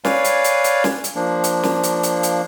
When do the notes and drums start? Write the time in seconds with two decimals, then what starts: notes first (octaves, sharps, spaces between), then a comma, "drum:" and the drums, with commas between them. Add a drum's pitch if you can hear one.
0.05 B4 C#5 D5 F5 G#5, drum: snare
0.24 drum: hi-hat
0.44 drum: hi-hat
0.64 drum: hi-hat
0.84 drum: snare
1.04 drum: hi-hat
1.16 F3 A#3 D4
1.44 drum: hi-hat
1.63 drum: snare
1.83 drum: hi-hat
2.03 drum: hi-hat
2.23 drum: hi-hat